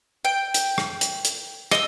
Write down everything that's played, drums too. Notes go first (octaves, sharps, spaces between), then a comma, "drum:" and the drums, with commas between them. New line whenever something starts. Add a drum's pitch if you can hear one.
G5
drum: hi-hat
drum: rim click
drum: hi-hat
drum: hi-hat
D#5 E6, drum: rim click